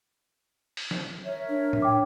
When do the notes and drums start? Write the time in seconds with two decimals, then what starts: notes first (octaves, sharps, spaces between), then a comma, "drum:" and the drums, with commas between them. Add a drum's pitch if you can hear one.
0.77 drum: open hi-hat
0.91 drum: snare
1.24 A#4 C#5 E5
1.49 D4
1.73 drum: tom A2
1.82 G5 D6